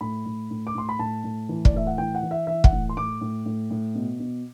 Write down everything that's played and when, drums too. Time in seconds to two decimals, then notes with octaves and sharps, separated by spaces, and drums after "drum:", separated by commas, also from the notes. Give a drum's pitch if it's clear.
0.01 A2 B5
0.26 A2
0.51 A2
0.67 D6
0.75 A2 C6
0.89 B5
0.99 A2 A5
1.24 A2
1.49 E3
1.65 D5, drum: kick
1.74 A2 E5
1.87 F#5
1.98 E3 G5
2.15 F#5
2.23 E3
2.31 E5
2.47 E3 E5
2.64 F#5, drum: kick
2.72 A2
2.89 C6
2.97 A2 D6
3.21 A2
3.46 A2
3.71 A2
3.95 B2
4.20 B2